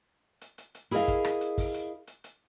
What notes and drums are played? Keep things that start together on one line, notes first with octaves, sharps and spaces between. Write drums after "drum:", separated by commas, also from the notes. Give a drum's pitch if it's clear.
drum: hi-hat
drum: hi-hat
drum: hi-hat
E4 G#4 A#4 C#5 D#5 F5, drum: hi-hat
drum: kick, hi-hat
drum: rim click
drum: hi-hat
drum: kick, open hi-hat
drum: hi-hat
drum: hi-hat
drum: hi-hat